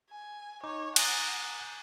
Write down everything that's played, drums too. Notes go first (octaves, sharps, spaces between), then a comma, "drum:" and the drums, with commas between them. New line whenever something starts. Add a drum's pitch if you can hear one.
G#5
D#4 C#5 D6
F#5 G#5 A#5 D#6 F#6 A6, drum: cymbal